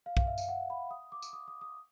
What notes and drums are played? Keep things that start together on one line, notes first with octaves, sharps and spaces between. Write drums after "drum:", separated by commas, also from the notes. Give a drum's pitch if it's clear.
F5
F5, drum: kick
E5
F5, drum: tambourine
F#5
B5
D#6
D6
drum: tambourine
D#6
D#6
D#6